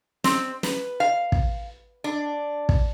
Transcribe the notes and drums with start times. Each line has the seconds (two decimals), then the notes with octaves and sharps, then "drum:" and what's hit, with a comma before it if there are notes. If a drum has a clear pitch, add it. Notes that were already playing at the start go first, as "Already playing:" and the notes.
0.24 C4, drum: snare
0.63 B4, drum: snare
1.00 F5
1.32 drum: kick
2.04 D4
2.69 drum: kick